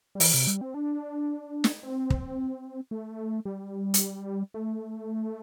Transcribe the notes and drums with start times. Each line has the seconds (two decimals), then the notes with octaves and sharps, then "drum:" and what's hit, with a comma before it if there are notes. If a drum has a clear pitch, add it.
0.15 G3
0.20 E3, drum: open hi-hat
0.34 C3
0.47 G3
0.61 C4
0.74 D4
1.64 drum: snare
1.83 C4
2.10 drum: kick
2.91 A3
3.45 G3
3.94 drum: hi-hat
4.54 A3